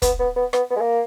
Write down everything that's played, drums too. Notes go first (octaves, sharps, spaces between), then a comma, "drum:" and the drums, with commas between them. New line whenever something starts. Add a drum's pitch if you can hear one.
B3, drum: kick, hi-hat
B3
B3
B3, drum: rim click
B3
G#3
A#3